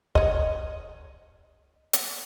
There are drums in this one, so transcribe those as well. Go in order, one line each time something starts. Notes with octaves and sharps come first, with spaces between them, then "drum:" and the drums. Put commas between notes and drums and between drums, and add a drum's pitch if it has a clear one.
C#5 D#5, drum: kick
drum: hi-hat